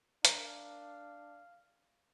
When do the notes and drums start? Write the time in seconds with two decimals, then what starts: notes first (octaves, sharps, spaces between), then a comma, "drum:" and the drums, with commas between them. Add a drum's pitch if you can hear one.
0.25 D4 A#4 F5, drum: hi-hat